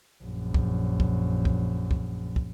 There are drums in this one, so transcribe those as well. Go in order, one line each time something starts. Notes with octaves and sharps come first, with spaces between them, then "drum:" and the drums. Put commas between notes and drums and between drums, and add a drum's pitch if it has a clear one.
A#1 F#2
drum: kick
drum: kick
drum: kick
drum: kick
drum: kick